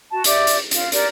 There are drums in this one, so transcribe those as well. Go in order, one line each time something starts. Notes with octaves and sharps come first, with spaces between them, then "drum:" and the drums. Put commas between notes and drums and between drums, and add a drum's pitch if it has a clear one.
F#4 A5
G4 D5 E5 D6, drum: hi-hat
drum: hi-hat
F4, drum: hi-hat
G4 A#4 D5, drum: hi-hat